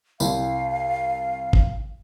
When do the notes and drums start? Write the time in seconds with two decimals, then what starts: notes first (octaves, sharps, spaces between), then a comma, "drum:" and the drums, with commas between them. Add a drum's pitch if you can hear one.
0.20 C2 F5, drum: tambourine
1.53 drum: kick G1